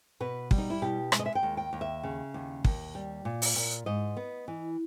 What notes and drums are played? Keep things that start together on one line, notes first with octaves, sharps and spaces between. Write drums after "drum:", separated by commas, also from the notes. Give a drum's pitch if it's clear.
B2 B4
G3, drum: kick
D#4
E4
B2 G4
G#3 E5, drum: rim click
D#5
E5
G5
D#2
G5
D#2
E5
C#3
D#2
D#2, drum: kick
G3
A#2
drum: open hi-hat
A#2
G#2 D#5
B3
E3